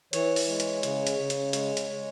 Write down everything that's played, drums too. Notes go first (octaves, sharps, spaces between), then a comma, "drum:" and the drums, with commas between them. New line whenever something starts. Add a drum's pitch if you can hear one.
E3 C#5, drum: hi-hat
drum: open hi-hat
G#3
drum: hi-hat
C#3, drum: hi-hat
drum: hi-hat
C#3
drum: hi-hat
G#3 C#5, drum: hi-hat
drum: hi-hat
G#3